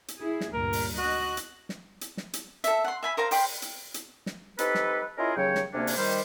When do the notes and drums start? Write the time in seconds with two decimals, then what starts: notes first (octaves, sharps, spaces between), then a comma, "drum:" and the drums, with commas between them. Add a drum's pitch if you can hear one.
0.08 drum: hi-hat
0.19 E4 G#4
0.41 drum: snare
0.54 D2 G2 A#2 A#4
0.73 drum: open hi-hat
0.98 F#4 D#5 F#6
1.37 drum: hi-hat
1.69 drum: snare
2.01 drum: hi-hat
2.17 drum: snare
2.33 drum: hi-hat
2.64 A4 E5, drum: hi-hat
2.84 F#5 C6
3.03 E5 G#5 B5
3.17 A#4 C5 F5 A#5
3.31 C5 G5 B5 C6, drum: open hi-hat
3.62 drum: hi-hat
3.94 drum: hi-hat
4.26 drum: snare
4.59 C4 D#4 G4 A4 B4, drum: hi-hat
4.75 drum: snare
5.18 C#4 E4 F4 G#4 A#4 D#5
5.36 D#2 C#3 F#3 C#5 G5
5.55 drum: snare
5.73 D2 C3 A#3 C#4 D4
5.87 drum: open hi-hat
5.97 D#3 G3 C5